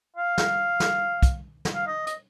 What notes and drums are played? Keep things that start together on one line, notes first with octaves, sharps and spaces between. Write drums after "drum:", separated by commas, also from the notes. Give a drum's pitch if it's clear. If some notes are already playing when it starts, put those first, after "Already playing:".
F5
drum: snare
drum: snare
drum: kick, hi-hat
drum: snare
F5
D#5
D#5, drum: hi-hat